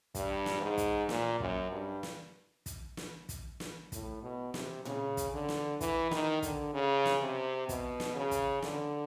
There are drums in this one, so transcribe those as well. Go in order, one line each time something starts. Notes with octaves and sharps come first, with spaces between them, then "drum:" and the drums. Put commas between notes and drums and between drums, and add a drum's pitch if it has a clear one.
G2, drum: kick, hi-hat
drum: snare
G#2
drum: kick, hi-hat
A#2, drum: snare
F#2, drum: kick
G2
drum: snare
drum: kick, hi-hat
drum: snare
drum: kick, hi-hat
drum: snare
A2, drum: kick, hi-hat
B2
C3, drum: snare
C#3, drum: tom A2
drum: kick, hi-hat
D3
drum: snare
E3, drum: kick, hi-hat
D#3, drum: snare
D3, drum: kick, hi-hat
C#3
drum: snare
C3
B2, drum: kick, hi-hat
drum: snare
C#3
drum: kick, hi-hat
D3, drum: snare